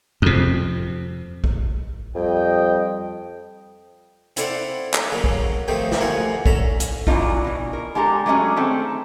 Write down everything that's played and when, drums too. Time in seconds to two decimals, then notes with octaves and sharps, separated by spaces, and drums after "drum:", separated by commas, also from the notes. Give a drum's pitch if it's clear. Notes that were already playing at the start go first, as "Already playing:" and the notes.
0.22 F2 C3
1.44 drum: kick
2.15 F2 G3 D#5 G5
4.37 C4 E4 A4 D5 F5 F#5, drum: hi-hat
4.94 drum: clap
5.12 C#3 F#3 A#3 C#4
5.24 drum: kick
5.68 D#3 F3 A3 C4 D#4 G4
5.91 drum: snare
6.01 D2 F3 A#3 F#4 F#5 G#5
6.46 D3 C#4 E5 A#5, drum: kick
6.80 drum: hi-hat
7.07 E3 F#3 A#3 D4 D#4 F4, drum: kick
7.44 B2 E3
7.73 A#4
7.95 G#3 D4 G4 A4 A#5
8.26 F#3 G#3 A3 C#4 D4
8.56 D#3 A3 C4 A4